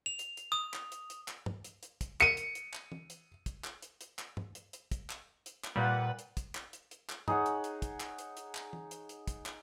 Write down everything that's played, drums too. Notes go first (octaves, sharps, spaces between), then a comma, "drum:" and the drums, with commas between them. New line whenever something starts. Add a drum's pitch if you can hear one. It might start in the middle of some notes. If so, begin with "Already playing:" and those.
F7
drum: hi-hat
drum: hi-hat
D#6
drum: clap
drum: hi-hat
drum: hi-hat
drum: clap
drum: tom
drum: hi-hat
drum: hi-hat
drum: kick, hi-hat
C#7 D#7, drum: clap
drum: hi-hat
drum: hi-hat
drum: clap
drum: tom
drum: hi-hat
drum: kick, hi-hat
drum: clap
drum: hi-hat
drum: hi-hat
drum: clap
drum: tom
drum: hi-hat
drum: hi-hat
drum: kick, hi-hat
drum: clap
drum: hi-hat
drum: clap
A#2 G3 B4 F#5
drum: hi-hat
drum: kick, hi-hat
drum: clap
drum: hi-hat
drum: hi-hat
drum: clap
D#4 G#4 C#5 F#5, drum: tom
drum: hi-hat
drum: hi-hat
drum: kick, hi-hat
drum: clap
drum: hi-hat
drum: hi-hat
drum: clap
drum: tom
drum: hi-hat
drum: hi-hat
drum: kick, hi-hat
drum: clap